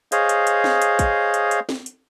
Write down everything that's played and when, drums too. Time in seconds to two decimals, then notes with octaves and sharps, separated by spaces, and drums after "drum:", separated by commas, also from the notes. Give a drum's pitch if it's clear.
0.12 G#4 C5 C#5 D#5 F5, drum: hi-hat
0.29 drum: hi-hat
0.47 drum: hi-hat
0.64 drum: snare
0.82 drum: hi-hat
0.99 drum: kick, hi-hat
1.34 drum: hi-hat
1.51 drum: hi-hat
1.69 drum: snare
1.86 drum: hi-hat